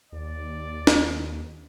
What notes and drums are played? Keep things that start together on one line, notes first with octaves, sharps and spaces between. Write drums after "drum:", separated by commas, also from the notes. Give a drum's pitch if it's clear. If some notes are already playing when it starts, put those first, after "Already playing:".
D#2 D5
drum: snare